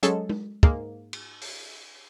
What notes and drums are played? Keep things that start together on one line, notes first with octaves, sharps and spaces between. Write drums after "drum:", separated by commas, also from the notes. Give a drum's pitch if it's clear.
F#3 G#3 C#4 G#4 A4 C#5, drum: hi-hat
drum: tom G#3
G#2 G#3 A#3, drum: kick
drum: cymbal
drum: open hi-hat